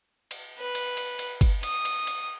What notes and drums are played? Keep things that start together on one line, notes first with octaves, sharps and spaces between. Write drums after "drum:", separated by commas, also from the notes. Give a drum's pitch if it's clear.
drum: cymbal
B4
drum: cymbal
drum: cymbal
drum: cymbal
drum: kick G1, cymbal
D#6, drum: cymbal
drum: cymbal
drum: cymbal